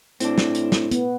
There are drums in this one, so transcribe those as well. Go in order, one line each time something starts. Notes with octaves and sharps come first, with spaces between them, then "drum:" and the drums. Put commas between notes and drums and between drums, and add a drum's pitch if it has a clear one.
A2 C4 D4, drum: hi-hat
drum: snare
drum: hi-hat
drum: snare
B3, drum: hi-hat